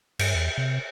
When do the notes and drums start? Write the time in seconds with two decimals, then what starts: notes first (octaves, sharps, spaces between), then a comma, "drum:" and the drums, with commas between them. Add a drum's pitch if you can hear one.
0.19 G2, drum: cymbal
0.34 E2
0.58 C3